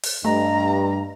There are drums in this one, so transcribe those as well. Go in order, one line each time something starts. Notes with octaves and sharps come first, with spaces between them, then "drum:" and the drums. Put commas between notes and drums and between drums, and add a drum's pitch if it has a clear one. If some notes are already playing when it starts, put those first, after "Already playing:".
drum: open hi-hat
G2 A3 D#5 A#5